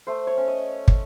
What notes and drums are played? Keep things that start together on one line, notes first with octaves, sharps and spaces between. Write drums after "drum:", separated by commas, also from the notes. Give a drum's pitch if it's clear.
A3 C5
C#5
C#4
D#5
drum: kick